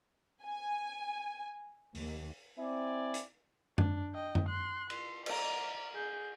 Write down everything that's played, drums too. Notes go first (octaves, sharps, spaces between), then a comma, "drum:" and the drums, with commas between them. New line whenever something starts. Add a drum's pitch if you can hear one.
G#5
D#2, drum: open hi-hat
C4 E4 D5 G#5
drum: hi-hat
D4, drum: tom F#2
D#5 G5
drum: tom F#2
C6 F#6
C6, drum: cymbal
D5 A#5, drum: cymbal
G#4 G6